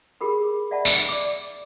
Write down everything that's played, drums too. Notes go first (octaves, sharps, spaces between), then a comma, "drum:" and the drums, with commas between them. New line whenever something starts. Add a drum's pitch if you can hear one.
G4 G#4 A#4 B5
D5 E5 F#5 A5 B5
drum: tambourine
D5 D6